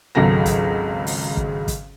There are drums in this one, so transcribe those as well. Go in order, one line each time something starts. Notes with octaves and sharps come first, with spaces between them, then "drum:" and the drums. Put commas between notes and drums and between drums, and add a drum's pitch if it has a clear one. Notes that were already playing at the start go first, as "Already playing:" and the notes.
G#1 C#2 C#3 F#3 A4 A#6
drum: kick, hi-hat
drum: open hi-hat
drum: kick
drum: kick, hi-hat